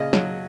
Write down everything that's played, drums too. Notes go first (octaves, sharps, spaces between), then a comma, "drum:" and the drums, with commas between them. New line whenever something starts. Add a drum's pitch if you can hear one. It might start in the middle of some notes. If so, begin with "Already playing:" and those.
Already playing: A#2 C#3 D#5
F#3, drum: snare